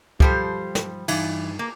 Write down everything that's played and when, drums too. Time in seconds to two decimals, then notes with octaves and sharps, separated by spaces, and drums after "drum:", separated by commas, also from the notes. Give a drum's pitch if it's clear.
0.20 F3 G3 G4 A4 C5, drum: kick
0.75 drum: snare
1.08 G2 E3 D#4 F5, drum: cymbal
1.59 A#3